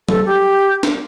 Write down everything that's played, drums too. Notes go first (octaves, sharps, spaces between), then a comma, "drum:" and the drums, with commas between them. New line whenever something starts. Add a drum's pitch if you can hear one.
A4, drum: tom F#3
G4
drum: snare